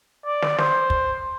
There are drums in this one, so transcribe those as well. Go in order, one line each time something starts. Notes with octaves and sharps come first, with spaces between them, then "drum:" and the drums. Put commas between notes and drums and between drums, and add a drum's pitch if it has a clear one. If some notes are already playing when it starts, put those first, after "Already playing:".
D5
drum: snare
C5, drum: snare
drum: kick